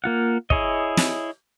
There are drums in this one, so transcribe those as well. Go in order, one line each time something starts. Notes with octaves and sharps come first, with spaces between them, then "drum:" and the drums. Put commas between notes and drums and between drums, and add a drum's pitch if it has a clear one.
A#3 F4 F#5
E4 G#4 C#5 D#5, drum: kick
drum: snare